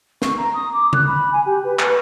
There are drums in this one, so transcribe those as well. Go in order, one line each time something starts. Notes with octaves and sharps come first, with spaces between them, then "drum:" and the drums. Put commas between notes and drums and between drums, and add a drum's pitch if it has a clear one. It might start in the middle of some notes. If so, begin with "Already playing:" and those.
C#6, drum: snare
A#5
D#6
D6
F#6, drum: tom C#3
B5
G#5
G4
B4
B4, drum: clap